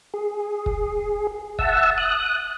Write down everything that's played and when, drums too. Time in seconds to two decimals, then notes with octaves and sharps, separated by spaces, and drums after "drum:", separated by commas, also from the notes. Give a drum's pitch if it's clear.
0.14 G#4
0.66 drum: kick
1.59 E5 F#5 A5 E6, drum: kick
1.98 D#6 F#6